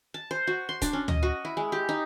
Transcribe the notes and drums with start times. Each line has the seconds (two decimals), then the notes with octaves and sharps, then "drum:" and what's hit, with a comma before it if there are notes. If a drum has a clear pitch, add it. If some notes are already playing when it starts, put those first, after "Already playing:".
0.14 A5
0.31 C5
0.47 F#4
0.69 C6
0.82 D4, drum: kick, hi-hat
0.93 C#4
1.08 D#5, drum: tom
1.23 F#4
1.45 E4
1.57 G#3
1.72 G4
1.89 D#4